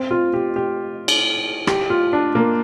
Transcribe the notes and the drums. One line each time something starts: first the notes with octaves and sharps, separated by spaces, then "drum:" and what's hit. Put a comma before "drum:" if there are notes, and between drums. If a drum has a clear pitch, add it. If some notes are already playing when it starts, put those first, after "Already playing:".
Already playing: C4
F4
G4
G4
drum: cymbal
G4, drum: rim click
F4
D4
A#3